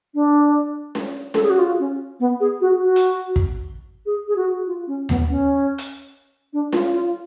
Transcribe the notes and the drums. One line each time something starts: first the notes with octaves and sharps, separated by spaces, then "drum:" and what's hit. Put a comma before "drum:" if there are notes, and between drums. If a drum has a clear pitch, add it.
D4
drum: snare C#4
A4, drum: snare C#4
G#4
F#4
F4
C#4
B3
G#4
F#4
F#4
drum: hi-hat
drum: kick
G#4
G#4
F#4
F4
C#4
B3, drum: tom D#2
C#4
drum: hi-hat
D4
F4, drum: snare C#4
F4